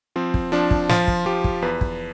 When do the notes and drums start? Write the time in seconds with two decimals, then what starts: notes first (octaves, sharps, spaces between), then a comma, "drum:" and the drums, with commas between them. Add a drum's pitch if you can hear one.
0.16 F3 C4
0.34 drum: kick
0.52 F3 D4
0.71 drum: kick
0.89 F3 F4, drum: snare
1.07 drum: kick
1.26 F3 G4
1.44 drum: kick
1.62 E2 B4
1.81 drum: kick